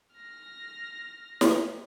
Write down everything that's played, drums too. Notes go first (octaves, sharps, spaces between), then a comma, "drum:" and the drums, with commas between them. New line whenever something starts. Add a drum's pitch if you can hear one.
F6 A#6
drum: snare